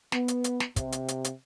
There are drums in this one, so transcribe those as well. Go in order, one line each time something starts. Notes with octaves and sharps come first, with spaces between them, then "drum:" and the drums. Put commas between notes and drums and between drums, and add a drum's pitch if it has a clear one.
B3, drum: snare
drum: hi-hat
drum: hi-hat
drum: snare
C3, drum: kick, hi-hat
drum: hi-hat
drum: hi-hat
drum: hi-hat